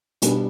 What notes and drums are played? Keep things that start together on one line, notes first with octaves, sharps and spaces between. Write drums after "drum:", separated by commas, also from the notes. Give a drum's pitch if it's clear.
B2 G3 B3 D4, drum: hi-hat